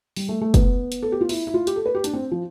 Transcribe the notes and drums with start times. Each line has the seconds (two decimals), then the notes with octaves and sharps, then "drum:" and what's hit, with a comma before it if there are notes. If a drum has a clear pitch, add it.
0.16 G3, drum: open hi-hat
0.29 A3
0.41 A3
0.54 B3, drum: kick, hi-hat
0.92 drum: hi-hat
1.03 A4
1.12 G4
1.21 F4
1.29 E4, drum: open hi-hat
1.47 E4
1.54 F4
1.67 G4, drum: hi-hat
1.76 A4
1.86 B4
1.95 G4
2.04 D4, drum: hi-hat
2.14 C4
2.31 F3